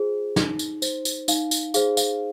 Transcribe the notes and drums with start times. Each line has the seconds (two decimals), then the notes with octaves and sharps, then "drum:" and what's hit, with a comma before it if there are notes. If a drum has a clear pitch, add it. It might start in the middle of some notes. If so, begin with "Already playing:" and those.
Already playing: F4 G#4 C5
0.36 D#4, drum: snare
0.59 drum: tambourine
0.82 C5, drum: tambourine
1.05 drum: tambourine
1.28 D#4 F5, drum: tambourine
1.51 drum: tambourine
1.74 G#4 C5 F5, drum: tambourine
1.97 F5, drum: tambourine